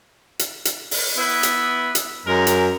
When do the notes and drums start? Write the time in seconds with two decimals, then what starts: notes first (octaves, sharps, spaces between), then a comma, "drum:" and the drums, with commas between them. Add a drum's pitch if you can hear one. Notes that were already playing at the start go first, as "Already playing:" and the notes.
0.39 drum: hi-hat
0.65 drum: hi-hat
0.91 drum: open hi-hat
1.17 B3 E4 B4
1.43 drum: hi-hat
1.95 drum: hi-hat
2.26 F#2 G#3 A#4
2.47 drum: hi-hat